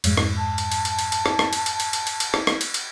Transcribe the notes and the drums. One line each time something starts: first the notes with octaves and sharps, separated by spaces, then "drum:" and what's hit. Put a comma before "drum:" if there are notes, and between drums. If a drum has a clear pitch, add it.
F2 G#2 G#3, drum: cymbal
drum: rim click
A5
drum: cymbal
drum: cymbal
drum: cymbal
drum: cymbal
drum: cymbal
drum: rim click
drum: rim click
drum: cymbal
drum: cymbal
drum: cymbal
drum: cymbal
drum: cymbal
drum: cymbal
drum: rim click
drum: rim click
drum: cymbal
drum: cymbal